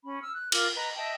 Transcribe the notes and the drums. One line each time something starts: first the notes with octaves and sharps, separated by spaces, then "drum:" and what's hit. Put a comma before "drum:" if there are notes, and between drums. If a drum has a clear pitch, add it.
C#4 B5
E6 F6
F#6
F4 A#4 D6 F6, drum: cymbal
B4 D#5 A#5
D#5 E5 G5 A5